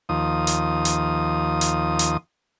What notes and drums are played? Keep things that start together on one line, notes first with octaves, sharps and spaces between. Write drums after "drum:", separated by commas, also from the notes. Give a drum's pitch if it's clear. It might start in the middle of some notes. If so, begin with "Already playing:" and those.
D#2 F3 D#6
drum: hi-hat
drum: hi-hat
drum: hi-hat
drum: hi-hat